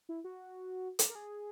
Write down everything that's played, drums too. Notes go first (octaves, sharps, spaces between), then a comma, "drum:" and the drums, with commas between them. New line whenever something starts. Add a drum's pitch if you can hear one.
E4
F#4
drum: hi-hat
A#4
G#4